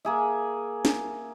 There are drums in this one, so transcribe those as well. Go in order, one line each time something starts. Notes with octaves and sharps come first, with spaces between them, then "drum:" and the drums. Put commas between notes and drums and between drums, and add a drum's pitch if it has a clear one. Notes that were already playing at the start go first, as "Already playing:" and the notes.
A#3 G#4 E5
drum: snare